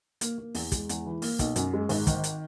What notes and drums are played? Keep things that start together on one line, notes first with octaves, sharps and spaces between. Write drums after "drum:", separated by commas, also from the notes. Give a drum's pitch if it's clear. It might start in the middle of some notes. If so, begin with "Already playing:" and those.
A#3, drum: hi-hat
A#3
E2, drum: open hi-hat
G#3, drum: kick, hi-hat
E2, drum: hi-hat
E3
A#3, drum: open hi-hat
B1, drum: kick, hi-hat
F#2, drum: hi-hat
G#3
G#1, drum: open hi-hat
D#3, drum: kick, hi-hat
drum: hi-hat